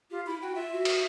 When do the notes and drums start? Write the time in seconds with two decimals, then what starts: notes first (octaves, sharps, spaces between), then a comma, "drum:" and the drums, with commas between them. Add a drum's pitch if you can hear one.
0.11 F4 G4
0.27 E4 B5
0.42 F#4 G5
0.55 F4 E5
0.73 F#4
0.85 drum: cymbal